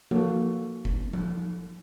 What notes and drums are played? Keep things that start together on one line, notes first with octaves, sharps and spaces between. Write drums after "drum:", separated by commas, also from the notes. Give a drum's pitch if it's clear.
A#3 F#4 A4 C#5, drum: tom F3
drum: kick F#1
drum: tom F3